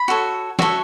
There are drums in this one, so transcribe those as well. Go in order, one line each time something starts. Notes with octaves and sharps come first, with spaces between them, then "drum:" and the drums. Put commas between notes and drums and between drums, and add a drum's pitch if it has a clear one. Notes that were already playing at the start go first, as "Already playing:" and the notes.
Already playing: B5
F#4 A4 C#5
F#4 A4 C#5 E5, drum: snare